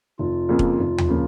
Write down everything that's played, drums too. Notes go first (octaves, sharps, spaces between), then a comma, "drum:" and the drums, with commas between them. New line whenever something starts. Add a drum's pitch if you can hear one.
F1 F4
F2 C#3 F3 A#3
drum: kick E1
F1
drum: tom D#2
C#3 F3 A#3